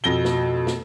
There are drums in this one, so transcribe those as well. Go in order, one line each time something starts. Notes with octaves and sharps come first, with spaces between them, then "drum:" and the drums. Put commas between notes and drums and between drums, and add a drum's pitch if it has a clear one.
F2 B2 A#6 G7
drum: snare
drum: snare